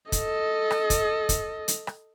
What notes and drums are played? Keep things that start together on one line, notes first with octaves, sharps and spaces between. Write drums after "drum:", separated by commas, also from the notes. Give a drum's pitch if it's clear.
A4 D#5, drum: kick, hi-hat
drum: rim click
drum: kick, hi-hat
drum: kick, hi-hat
drum: hi-hat
drum: rim click